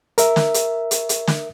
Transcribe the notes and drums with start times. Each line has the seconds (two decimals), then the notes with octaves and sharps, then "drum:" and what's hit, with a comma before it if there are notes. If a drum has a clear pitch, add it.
0.18 A#4 E5, drum: hi-hat
0.36 drum: snare
0.54 drum: hi-hat
0.91 drum: hi-hat
1.09 drum: hi-hat
1.27 drum: snare